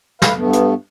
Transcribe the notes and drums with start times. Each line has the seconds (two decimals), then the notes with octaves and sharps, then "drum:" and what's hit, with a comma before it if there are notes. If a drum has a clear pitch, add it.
0.22 B4 F5, drum: snare
0.37 G2 A3 B3
0.53 drum: hi-hat